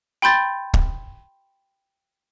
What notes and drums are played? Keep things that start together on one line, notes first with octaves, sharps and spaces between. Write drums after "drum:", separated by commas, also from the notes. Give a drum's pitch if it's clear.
G5 B5 C6 G6 A6
drum: kick